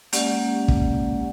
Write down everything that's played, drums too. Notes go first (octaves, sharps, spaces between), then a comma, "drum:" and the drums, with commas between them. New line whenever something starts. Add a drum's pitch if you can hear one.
G#3 A#3 C#4 G4 D5 F#5, drum: hi-hat
drum: kick